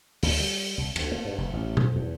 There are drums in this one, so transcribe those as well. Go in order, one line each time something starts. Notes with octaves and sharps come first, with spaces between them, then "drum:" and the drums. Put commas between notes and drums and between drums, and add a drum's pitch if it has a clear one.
D2, drum: open hi-hat
G3
C2
D2, drum: cymbal
A#3
G2
F1
A1
F2, drum: tom
E2